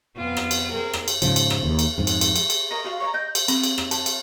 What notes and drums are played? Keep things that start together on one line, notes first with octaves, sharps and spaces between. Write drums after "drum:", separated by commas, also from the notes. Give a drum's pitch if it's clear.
F2 B3 F4
drum: rim click
drum: cymbal
C4 G#4 A#4
drum: rim click
drum: cymbal
G#2 C#3 F3, drum: cymbal
drum: cymbal
drum: rim click
D#2
drum: cymbal
F2 G#2
drum: cymbal
drum: cymbal
drum: cymbal
drum: cymbal
A#4 C#5 D#5
F4 F#4 D#5 F5
C#5 E5 A#5
D#5 G5 G6
drum: cymbal
C4, drum: cymbal
drum: cymbal
drum: rim click
A5, drum: cymbal
drum: cymbal